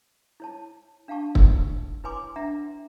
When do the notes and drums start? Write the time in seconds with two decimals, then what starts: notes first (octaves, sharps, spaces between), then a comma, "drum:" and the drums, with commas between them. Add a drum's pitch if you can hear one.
0.40 E4 C#5 A5
1.08 D4 F5 F#5 A5 C#6
1.35 drum: kick
2.04 E4 B4 C#5 G#5 C6 D6
2.36 D4 E5 F#5 A#5